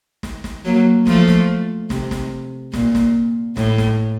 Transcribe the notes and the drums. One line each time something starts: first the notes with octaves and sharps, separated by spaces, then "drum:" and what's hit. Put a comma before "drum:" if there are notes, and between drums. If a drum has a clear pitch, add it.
drum: snare
drum: snare
F#3 A#3
F3 A3, drum: snare
drum: snare
C3, drum: snare
drum: snare
A#2, drum: snare
drum: snare
A2, drum: snare
drum: snare